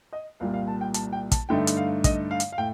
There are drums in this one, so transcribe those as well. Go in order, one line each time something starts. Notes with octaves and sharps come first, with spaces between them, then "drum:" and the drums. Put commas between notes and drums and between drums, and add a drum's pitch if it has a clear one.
D#5
C2 A#2 G3 F5
F5
A5
G5
A5, drum: hi-hat
G5
A5, drum: kick, hi-hat
G2 D3 A3 D#4 G5
drum: hi-hat
F5
D#5, drum: kick, hi-hat
F5
drum: hi-hat
F5
A2 G5